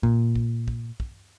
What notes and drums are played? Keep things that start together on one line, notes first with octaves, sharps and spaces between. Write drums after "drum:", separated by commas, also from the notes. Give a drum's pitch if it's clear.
A#2, drum: kick
drum: kick
drum: kick
drum: kick